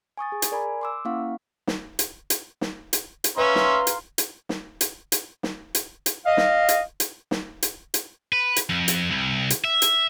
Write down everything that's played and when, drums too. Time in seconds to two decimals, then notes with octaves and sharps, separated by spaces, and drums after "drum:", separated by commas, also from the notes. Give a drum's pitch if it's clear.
0.17 G#5 C#6 D#6 A6
0.32 G#4
0.42 drum: hi-hat
0.52 A#4 D5 G#5 A#5 B5
0.81 C6 D6 E6
1.05 A#3 C#4 E4 F5 F#5 C#6
1.67 drum: snare
1.99 drum: hi-hat
2.30 drum: hi-hat
2.61 drum: snare
2.93 drum: hi-hat
3.24 drum: hi-hat
3.37 C#4 F4 B4 E5 A#5 C6
3.55 drum: snare
3.87 drum: hi-hat
4.18 drum: hi-hat
4.49 drum: snare
4.81 drum: hi-hat
5.12 drum: hi-hat
5.43 drum: snare
5.75 drum: hi-hat
6.06 drum: hi-hat
6.26 D#5 F5
6.37 drum: snare
6.69 drum: hi-hat
7.00 drum: hi-hat
7.31 drum: snare
7.62 drum: hi-hat
7.94 drum: hi-hat
8.32 B4
8.56 drum: hi-hat
8.69 F2
8.88 drum: hi-hat
9.10 C2
9.50 drum: hi-hat
9.64 E5
9.82 drum: hi-hat